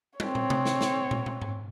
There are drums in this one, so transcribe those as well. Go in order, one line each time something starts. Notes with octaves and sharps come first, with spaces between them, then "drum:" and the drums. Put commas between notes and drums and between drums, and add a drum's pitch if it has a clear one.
C4 C#5, drum: tom
drum: tom
drum: tom C3
drum: snare
drum: snare
drum: tom
drum: tom
drum: tom G#2